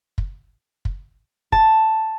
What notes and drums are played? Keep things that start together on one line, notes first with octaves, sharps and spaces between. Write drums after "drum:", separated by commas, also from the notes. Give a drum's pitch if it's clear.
drum: kick
drum: kick
A5, drum: kick